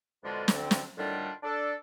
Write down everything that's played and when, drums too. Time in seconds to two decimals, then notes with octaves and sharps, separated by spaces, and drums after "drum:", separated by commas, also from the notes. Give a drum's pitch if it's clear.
0.23 F2 B2 D3 G#3 D4 F4
0.48 D2 D3 C4, drum: snare
0.71 drum: snare
0.97 A2 D3 D#3 G3 D4 F4
1.43 D4 A4